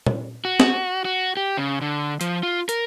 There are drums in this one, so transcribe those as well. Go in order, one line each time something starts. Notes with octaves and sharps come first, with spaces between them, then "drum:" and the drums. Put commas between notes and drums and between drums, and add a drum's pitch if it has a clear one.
drum: tom
F#4
drum: snare
F#4
G4
C#3
D3
F3, drum: hi-hat
F4
A#4, drum: hi-hat